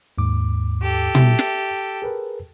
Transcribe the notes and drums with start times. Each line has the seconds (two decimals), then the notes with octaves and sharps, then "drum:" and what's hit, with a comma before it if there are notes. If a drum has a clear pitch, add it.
0.18 D#2 G#2 D6
0.82 G4 A4
1.15 E5, drum: tom
1.39 drum: snare
2.02 G#4 A#4 B4